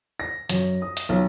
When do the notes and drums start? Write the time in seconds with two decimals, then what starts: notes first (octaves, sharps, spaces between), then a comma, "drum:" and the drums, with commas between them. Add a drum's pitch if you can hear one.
0.20 A#6
0.49 F#2, drum: hi-hat
0.82 D#6
0.97 drum: hi-hat
1.09 B1